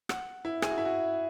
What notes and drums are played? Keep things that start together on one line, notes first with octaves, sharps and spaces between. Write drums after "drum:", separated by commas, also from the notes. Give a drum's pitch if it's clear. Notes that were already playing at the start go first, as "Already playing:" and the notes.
F#5, drum: rim click
E4
G#4, drum: rim click
F#4
E4
F#4